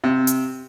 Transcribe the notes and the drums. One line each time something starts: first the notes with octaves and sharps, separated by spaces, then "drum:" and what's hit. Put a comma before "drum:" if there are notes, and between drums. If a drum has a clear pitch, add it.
C3
drum: hi-hat